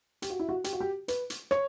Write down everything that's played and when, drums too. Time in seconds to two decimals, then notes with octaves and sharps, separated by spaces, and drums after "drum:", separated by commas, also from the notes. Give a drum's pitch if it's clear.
0.22 G4, drum: hi-hat
0.30 F#4
0.39 E4
0.49 F#4
0.64 G4, drum: hi-hat
0.73 F#4
0.81 G4
1.08 B4, drum: hi-hat
1.30 drum: hi-hat
1.51 C#5, drum: rim click